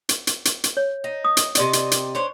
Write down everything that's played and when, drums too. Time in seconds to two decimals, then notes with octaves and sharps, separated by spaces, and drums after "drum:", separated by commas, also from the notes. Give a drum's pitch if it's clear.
0.09 drum: hi-hat
0.27 drum: hi-hat
0.45 drum: hi-hat
0.64 drum: hi-hat
0.77 C#5
1.04 D#4
1.24 D#6
1.37 drum: hi-hat
1.55 C3 D5 D#5, drum: hi-hat
1.73 drum: hi-hat
1.91 drum: hi-hat
2.15 D4 C5 C#5